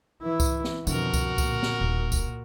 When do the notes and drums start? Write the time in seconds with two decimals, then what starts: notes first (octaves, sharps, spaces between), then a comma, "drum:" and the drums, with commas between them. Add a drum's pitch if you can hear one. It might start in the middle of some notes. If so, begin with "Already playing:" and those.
0.22 E3 E4
0.40 drum: kick C2, tambourine
0.64 drum: snare C4
0.87 F2 B2 D3 F#4 A#4, drum: tambourine
1.13 drum: kick C2, tambourine
1.38 A#2, drum: kick C2, tambourine
1.63 drum: snare C4
1.80 D#1
2.12 drum: kick C2, tambourine